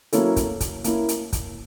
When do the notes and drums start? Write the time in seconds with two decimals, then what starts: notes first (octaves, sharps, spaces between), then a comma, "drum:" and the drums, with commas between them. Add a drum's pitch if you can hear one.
0.13 F#3 A#3 C#4 E4 A4, drum: hi-hat
0.36 drum: kick, hi-hat
0.60 drum: kick, hi-hat
0.84 A#3 C#4 E4, drum: hi-hat
1.09 drum: hi-hat
1.33 drum: kick, hi-hat